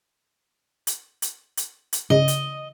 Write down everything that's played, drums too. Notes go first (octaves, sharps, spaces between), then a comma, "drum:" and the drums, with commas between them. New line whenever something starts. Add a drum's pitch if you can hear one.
drum: hi-hat
drum: hi-hat
drum: hi-hat
drum: hi-hat
C#3 D#5
drum: hi-hat